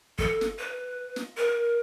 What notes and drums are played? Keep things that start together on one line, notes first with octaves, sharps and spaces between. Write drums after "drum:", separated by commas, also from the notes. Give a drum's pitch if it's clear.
A4, drum: kick
drum: snare
B4
drum: snare
A#4